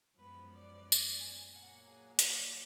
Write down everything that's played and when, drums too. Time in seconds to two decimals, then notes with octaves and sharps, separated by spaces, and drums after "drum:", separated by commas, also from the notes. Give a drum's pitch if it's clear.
0.17 F#2 F3 G#3 B3 B4
0.51 D5
0.92 drum: tambourine
1.18 G#5
1.51 A#2 F#3 A#3 F#5
1.85 G#4
2.19 D5, drum: hi-hat